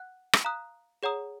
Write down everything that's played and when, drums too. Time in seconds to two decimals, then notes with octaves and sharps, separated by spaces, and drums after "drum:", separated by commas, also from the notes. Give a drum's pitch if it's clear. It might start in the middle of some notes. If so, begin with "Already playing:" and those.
Already playing: F#5 F#6
0.33 drum: rim click
0.44 F5 A#5 D#6 F#6
1.03 G#4 C#5 F#5 A#5 D#6